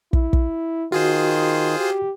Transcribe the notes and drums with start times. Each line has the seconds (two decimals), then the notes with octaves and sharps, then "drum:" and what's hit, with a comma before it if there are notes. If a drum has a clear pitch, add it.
0.13 E4, drum: kick
0.33 drum: kick
0.92 D#3 F4 F#4 G#4 C5
1.79 G4